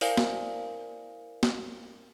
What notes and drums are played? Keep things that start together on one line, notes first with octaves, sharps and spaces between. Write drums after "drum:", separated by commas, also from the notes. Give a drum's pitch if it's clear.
E4 A#4 C5 D5 F5 G#5, drum: open hi-hat
drum: snare
drum: snare